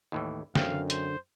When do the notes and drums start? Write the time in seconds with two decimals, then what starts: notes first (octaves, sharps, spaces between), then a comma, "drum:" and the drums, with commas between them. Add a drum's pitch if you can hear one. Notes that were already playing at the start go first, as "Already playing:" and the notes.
0.12 D#2 A2 E3
0.55 F#2 D3 C4 F5, drum: snare
0.90 C5, drum: hi-hat